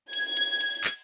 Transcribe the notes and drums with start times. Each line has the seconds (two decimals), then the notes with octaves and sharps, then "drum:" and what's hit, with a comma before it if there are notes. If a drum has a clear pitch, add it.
0.13 G#6, drum: cymbal
0.37 drum: cymbal
0.60 drum: cymbal
0.84 drum: clap